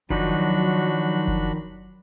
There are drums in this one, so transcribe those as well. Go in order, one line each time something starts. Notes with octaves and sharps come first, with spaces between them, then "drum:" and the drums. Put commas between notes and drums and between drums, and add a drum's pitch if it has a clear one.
D#3 F3 F#3 D4 D#4 F#4 B5, drum: kick F#1
drum: kick F#1